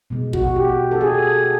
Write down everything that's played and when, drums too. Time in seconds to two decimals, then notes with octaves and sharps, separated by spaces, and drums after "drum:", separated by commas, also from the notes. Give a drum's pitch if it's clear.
0.10 B2 G#3
0.33 F#4, drum: kick A1
0.56 G4
0.91 A4
1.01 G#4